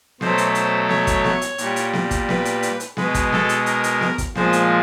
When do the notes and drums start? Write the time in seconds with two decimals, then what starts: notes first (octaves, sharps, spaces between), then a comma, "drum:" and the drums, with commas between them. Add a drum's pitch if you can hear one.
0.21 B2 F#3 A3 C5, drum: snare B3
0.38 drum: hi-hat
0.55 C5, drum: hi-hat
0.89 C#5, drum: snare B3
1.07 drum: kick, hi-hat
1.24 drum: snare B3
1.42 drum: hi-hat
1.58 A#2 G3, drum: hi-hat
1.76 drum: hi-hat
1.93 drum: snare B3
2.11 drum: kick, hi-hat
2.29 B4, drum: snare B3
2.45 drum: hi-hat
2.63 drum: hi-hat
2.80 drum: hi-hat
2.97 B2 G#3 B4, drum: snare B3
3.14 drum: kick, hi-hat
3.32 A4, drum: snare B3
3.49 drum: hi-hat
3.66 A#4, drum: hi-hat
3.84 drum: hi-hat
4.01 drum: snare B3
4.18 drum: kick, hi-hat
4.35 A#2 F3 G#3 C5, drum: snare B3
4.53 drum: hi-hat